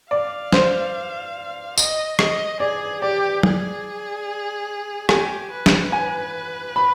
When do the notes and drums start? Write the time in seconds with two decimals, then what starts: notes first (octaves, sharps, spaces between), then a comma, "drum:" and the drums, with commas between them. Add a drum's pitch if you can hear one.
0.11 D5 F5
0.52 C5, drum: snare
1.78 D#5, drum: tambourine
2.19 D#5, drum: rim click
2.60 G#4 D5
3.01 G4 D5
3.43 G#4, drum: tom F#3
5.09 G4 G#5, drum: rim click
5.51 B4
5.66 drum: snare
5.92 G#5
6.76 B5